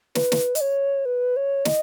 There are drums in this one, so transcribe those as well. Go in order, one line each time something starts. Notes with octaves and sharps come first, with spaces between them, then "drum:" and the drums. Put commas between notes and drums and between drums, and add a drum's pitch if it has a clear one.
B4, drum: snare
drum: snare
D#5, drum: hi-hat
C#5
B4
C#5
D#5, drum: snare